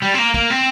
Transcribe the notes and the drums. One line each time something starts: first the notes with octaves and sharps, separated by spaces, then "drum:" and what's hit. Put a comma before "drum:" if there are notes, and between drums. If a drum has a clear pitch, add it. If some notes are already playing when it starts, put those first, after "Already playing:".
G3
C4
A#3
A#3, drum: kick
C4